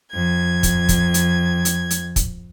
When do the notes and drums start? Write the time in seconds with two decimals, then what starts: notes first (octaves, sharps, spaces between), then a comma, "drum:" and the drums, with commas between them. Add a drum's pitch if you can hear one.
0.12 F2 G#6
0.63 drum: kick, hi-hat
0.89 drum: kick, hi-hat
1.14 drum: hi-hat
1.65 drum: hi-hat
1.91 drum: hi-hat
2.16 drum: kick, hi-hat